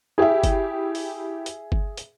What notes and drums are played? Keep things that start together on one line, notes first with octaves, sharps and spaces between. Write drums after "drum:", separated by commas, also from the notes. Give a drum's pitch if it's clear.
E4 G4 G#4 E5
drum: kick G1, hi-hat
drum: open hi-hat
drum: hi-hat
drum: kick G1
drum: hi-hat